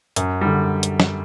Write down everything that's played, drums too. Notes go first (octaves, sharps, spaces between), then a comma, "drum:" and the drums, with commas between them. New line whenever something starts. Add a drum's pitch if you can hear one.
F#2, drum: hi-hat
D3 G3
drum: hi-hat
drum: snare